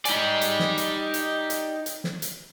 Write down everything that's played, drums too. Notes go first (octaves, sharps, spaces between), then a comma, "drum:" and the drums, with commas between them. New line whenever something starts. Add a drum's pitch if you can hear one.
D#4 G4 D5 G#5, drum: hi-hat
drum: hi-hat
drum: snare
drum: hi-hat
drum: hi-hat
drum: hi-hat
drum: hi-hat
drum: snare
drum: hi-hat